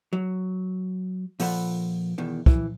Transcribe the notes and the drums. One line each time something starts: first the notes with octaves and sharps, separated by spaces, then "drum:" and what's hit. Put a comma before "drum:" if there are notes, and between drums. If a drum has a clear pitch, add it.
F#3
A#2 F3 A4 F#5 B5, drum: open hi-hat
E2 B2 D#3
E3, drum: kick